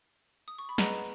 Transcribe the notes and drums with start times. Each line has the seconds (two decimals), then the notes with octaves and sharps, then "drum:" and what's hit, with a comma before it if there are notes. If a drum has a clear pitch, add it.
0.48 D#6
0.58 C#6
0.69 B5
0.78 G#4 B4 D#5 F#5 A#5, drum: snare